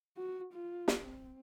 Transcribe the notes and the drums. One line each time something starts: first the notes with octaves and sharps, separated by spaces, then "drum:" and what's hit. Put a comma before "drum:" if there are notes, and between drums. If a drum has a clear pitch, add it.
F#4
F4
drum: snare
C4